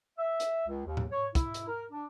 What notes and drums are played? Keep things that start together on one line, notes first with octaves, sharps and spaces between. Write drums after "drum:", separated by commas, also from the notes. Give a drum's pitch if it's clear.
E5
drum: hi-hat
C#2
D#2
drum: tom A2
C#5
E4, drum: kick, hi-hat
drum: hi-hat
A#4
D4